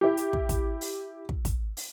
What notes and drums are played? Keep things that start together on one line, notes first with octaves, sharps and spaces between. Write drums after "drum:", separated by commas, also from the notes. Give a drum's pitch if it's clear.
E4 G4
drum: hi-hat
drum: kick
drum: kick, hi-hat
drum: open hi-hat
drum: kick
drum: kick, hi-hat
drum: open hi-hat